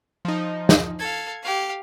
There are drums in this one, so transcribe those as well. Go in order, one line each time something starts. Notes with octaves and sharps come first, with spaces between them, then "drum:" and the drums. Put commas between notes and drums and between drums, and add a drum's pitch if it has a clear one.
F3 D#4
drum: snare
A4 F5 G#6
G4 F5